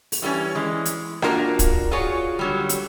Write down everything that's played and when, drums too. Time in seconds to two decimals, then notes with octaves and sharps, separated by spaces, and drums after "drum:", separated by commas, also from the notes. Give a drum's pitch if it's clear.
0.12 drum: open hi-hat
0.22 E3 G3 A3 C#4
0.55 E3 G#3
0.86 drum: hi-hat
1.22 A#3 D4 F4 F#4 A#4, drum: rim click
1.59 drum: kick, hi-hat
1.91 F4 F#4 G#4 C#5
2.39 D3 F#3 G3
2.69 drum: hi-hat